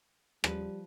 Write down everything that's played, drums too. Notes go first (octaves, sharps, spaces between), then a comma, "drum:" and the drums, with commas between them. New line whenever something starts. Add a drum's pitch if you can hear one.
F3 G3 B4, drum: rim click